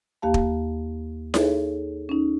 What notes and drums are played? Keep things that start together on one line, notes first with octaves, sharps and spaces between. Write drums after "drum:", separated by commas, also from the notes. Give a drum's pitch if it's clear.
D#2 A#3 G4 F5 A5
drum: kick
D#4 G#4 A4 C#5, drum: snare E4
C#4 D#4